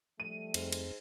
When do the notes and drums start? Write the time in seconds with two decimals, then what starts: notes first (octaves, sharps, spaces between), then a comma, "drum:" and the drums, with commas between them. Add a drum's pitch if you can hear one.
0.20 F3 G3 A3 D#7
0.54 F2 G#2 C4, drum: cymbal
0.73 drum: cymbal